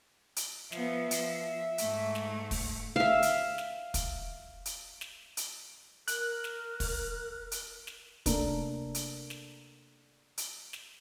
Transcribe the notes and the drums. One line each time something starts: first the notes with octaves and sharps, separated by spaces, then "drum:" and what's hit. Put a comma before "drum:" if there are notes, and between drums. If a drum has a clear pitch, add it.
drum: hi-hat
F3 B3 E5, drum: snare
F3, drum: hi-hat
G#2 A3, drum: hi-hat
drum: snare
drum: kick, open hi-hat
E5 F5
drum: hi-hat
drum: snare
drum: kick, hi-hat
drum: hi-hat
drum: snare
drum: hi-hat
A#4 F#6, drum: hi-hat
drum: snare
drum: kick, open hi-hat
drum: hi-hat
drum: snare
C3 A3 A#3 D4 A4 A#4, drum: kick, hi-hat
drum: hi-hat
drum: snare
drum: hi-hat
drum: snare